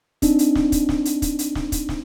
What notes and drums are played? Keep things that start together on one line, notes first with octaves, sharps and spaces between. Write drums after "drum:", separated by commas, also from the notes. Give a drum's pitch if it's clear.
C4 D4 D#4, drum: kick, hi-hat
drum: hi-hat
drum: snare
drum: kick, hi-hat
drum: snare
drum: hi-hat
drum: kick, hi-hat
drum: hi-hat
drum: snare
drum: kick, hi-hat
drum: snare